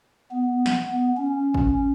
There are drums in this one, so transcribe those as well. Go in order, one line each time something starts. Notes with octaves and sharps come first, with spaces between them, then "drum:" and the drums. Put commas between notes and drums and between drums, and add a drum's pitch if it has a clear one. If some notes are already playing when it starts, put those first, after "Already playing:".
B3
drum: snare
B3
C#4
drum: kick